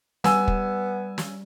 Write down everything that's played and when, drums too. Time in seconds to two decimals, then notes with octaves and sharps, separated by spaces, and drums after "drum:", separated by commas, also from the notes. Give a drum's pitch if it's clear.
0.24 G3 B3 G#5 E6, drum: snare
0.48 drum: kick
1.18 drum: snare